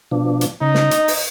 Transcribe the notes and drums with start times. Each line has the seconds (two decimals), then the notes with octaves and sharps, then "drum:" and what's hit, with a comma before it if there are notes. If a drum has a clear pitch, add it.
0.11 B2 F3 D4
0.41 drum: hi-hat
0.61 C#3 D#4
0.74 drum: snare
0.91 D#5, drum: hi-hat
1.08 drum: open hi-hat